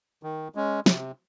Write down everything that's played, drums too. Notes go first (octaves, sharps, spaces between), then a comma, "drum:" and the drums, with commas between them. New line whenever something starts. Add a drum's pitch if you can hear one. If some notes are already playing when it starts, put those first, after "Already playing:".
D#3
G#3 C#4
C3, drum: snare